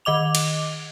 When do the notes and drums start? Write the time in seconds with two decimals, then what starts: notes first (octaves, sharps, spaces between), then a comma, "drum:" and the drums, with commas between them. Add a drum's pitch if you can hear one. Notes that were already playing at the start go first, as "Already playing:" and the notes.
0.05 D#3 D#5 D6 F7
0.35 drum: cymbal